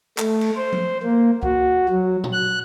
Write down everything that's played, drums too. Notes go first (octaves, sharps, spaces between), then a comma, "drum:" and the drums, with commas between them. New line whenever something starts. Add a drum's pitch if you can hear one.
A3, drum: clap
drum: cymbal
C5
drum: tom F3
A#3
F#4, drum: kick
F#3
drum: tom A#2
F#6